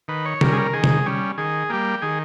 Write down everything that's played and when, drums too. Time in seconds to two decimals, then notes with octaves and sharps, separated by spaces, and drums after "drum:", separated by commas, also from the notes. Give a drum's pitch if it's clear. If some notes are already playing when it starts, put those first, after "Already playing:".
0.08 D#3 B4
0.26 C#5
0.41 G3 C#4 A#4, drum: tom C3
0.53 G#4
0.58 A#4
0.73 D#3 G#4
0.84 drum: tom C3
1.06 G3 C#4
1.38 D#3 G#4
1.70 G3 A#3 G4
2.02 D#3 G#4